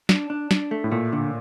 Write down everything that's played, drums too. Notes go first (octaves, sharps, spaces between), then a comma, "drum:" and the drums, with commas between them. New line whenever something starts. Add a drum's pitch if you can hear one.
D4, drum: snare
D4
D4, drum: snare
A3
A2
A#2 A3
D3